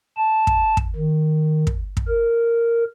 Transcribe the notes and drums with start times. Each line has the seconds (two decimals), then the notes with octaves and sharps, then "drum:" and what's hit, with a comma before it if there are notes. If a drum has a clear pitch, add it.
0.17 A5
0.47 drum: kick
0.77 drum: kick
0.96 D#3
1.67 drum: kick
1.97 drum: kick
2.08 A#4